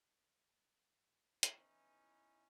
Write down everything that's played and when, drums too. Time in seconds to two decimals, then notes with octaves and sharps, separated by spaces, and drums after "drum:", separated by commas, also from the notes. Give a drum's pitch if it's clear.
1.43 E2 E3 C#4 D#4, drum: hi-hat